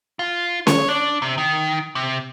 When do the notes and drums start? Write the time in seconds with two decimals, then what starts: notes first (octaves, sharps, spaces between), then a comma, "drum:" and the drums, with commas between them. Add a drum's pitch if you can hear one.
0.19 F4
0.67 C#5, drum: snare C#4
0.88 D4
1.22 C3
1.38 D#3
1.95 C3